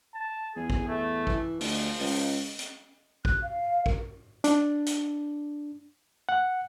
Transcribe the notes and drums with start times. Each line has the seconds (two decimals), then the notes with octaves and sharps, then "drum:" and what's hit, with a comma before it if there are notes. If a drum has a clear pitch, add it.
0.14 A5
0.56 E2 G#4
0.70 drum: kick A1
0.88 A3
1.27 E3, drum: kick A1
1.61 D2 F3, drum: open hi-hat
1.99 C#2, drum: open hi-hat
2.59 drum: hi-hat
3.25 F#6, drum: kick A1
3.42 F5
3.86 A#4, drum: kick A1
4.44 D4, drum: hi-hat
4.86 drum: hi-hat
6.29 F#5